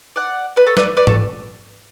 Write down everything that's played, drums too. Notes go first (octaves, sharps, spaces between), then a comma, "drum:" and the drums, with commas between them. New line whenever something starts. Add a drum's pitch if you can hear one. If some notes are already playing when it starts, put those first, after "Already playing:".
D5 F#5
B4 D5
A4 C#5
B4 D5, drum: snare
B4 D5
A4 C#5, drum: tom G#2